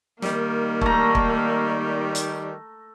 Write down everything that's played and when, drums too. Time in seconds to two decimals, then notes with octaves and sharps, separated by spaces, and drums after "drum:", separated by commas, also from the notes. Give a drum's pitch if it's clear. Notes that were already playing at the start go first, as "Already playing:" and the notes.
0.22 D#3 G3 A#3, drum: snare
0.81 A3 A#5, drum: kick
1.15 drum: kick
2.15 drum: hi-hat